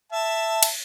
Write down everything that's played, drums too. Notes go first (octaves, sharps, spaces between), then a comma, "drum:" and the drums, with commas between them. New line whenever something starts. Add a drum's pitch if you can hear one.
E5 A5
drum: cymbal